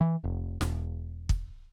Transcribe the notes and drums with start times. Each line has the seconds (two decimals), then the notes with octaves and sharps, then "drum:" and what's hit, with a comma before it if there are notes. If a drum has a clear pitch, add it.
0.01 E3
0.24 F1
0.61 E1, drum: snare
1.29 drum: kick